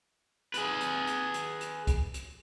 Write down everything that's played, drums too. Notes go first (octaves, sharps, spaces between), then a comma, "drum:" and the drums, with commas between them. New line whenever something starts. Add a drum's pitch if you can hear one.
G#4 B4, drum: hi-hat
drum: hi-hat
drum: hi-hat
drum: hi-hat
drum: hi-hat
drum: kick, hi-hat
drum: hi-hat